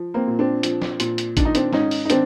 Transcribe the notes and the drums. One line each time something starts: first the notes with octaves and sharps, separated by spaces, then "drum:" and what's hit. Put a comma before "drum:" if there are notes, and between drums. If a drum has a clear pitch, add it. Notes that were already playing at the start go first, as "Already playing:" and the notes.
Already playing: F3
A#3 C4
A#2
C4 D4
F3, drum: hi-hat
drum: snare
A#2, drum: hi-hat
drum: hi-hat
D#3 D4, drum: kick, hi-hat
D#4
C4 D4, drum: hi-hat
G#2 C#4 D#4, drum: snare
drum: open hi-hat
D#4
D#3 C4 D4, drum: hi-hat